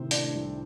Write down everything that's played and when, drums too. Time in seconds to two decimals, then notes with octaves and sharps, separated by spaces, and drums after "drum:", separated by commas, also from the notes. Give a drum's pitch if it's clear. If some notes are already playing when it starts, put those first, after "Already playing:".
Already playing: A2 C3 D#3 C4 C5
0.11 A3 D4 D5, drum: hi-hat
0.34 C2